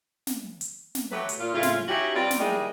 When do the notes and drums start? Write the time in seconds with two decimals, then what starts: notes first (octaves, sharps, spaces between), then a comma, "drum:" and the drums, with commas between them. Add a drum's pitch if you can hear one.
0.27 drum: snare
0.61 drum: hi-hat
0.95 drum: snare
1.12 F#3 A3 F#4 G4 B4
1.29 drum: hi-hat
1.39 A#2 F4
1.54 A2 C#3 E4 F4
1.63 drum: snare
1.88 C#4 D#4 E4 F#4 G4
2.15 G3 C4 F4 B4 D5
2.31 drum: snare
2.40 G3 G#3 A#3 D#4 E4 G#4